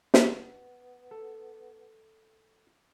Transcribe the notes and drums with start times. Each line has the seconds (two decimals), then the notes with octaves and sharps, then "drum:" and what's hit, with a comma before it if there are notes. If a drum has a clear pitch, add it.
0.14 B3, drum: snare
1.11 A4